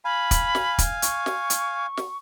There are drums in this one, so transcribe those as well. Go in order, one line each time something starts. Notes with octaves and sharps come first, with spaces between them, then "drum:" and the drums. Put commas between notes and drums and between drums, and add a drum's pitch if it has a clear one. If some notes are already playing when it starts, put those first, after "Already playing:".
F5 G#5 B5
drum: kick, hi-hat
drum: snare
drum: kick, hi-hat
C#6, drum: hi-hat
drum: snare
drum: hi-hat
drum: snare